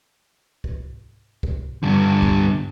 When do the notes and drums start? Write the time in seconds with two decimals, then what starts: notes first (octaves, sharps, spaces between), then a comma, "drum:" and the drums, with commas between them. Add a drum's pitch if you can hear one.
0.64 drum: kick
1.43 drum: kick
1.83 G2 D3
2.22 drum: kick